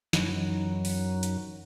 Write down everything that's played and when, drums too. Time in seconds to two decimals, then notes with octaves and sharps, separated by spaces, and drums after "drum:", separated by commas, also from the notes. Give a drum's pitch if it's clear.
0.13 F#2 E3 F#3 D#4, drum: snare
0.85 drum: open hi-hat
1.23 drum: hi-hat